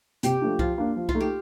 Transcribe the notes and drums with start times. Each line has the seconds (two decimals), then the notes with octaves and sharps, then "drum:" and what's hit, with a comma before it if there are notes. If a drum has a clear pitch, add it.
0.23 C3 G4, drum: hi-hat
0.42 F3 A3 D4
0.59 F3 F4, drum: kick C2
0.78 A#3 D4
0.96 F3
1.09 F4, drum: kick C2
1.15 A3 D#4
1.21 G4